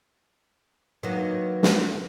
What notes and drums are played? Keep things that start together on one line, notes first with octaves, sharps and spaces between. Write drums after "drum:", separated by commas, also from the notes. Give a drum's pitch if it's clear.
D#3 E3 F#3 A#3
drum: snare